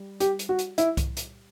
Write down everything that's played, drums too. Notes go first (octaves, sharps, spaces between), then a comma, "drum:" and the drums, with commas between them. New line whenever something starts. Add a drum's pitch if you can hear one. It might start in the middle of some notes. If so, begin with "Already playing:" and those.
Already playing: G3
G4, drum: hi-hat
drum: hi-hat
F#4
drum: hi-hat
E4, drum: hi-hat
drum: kick C2, hi-hat
drum: hi-hat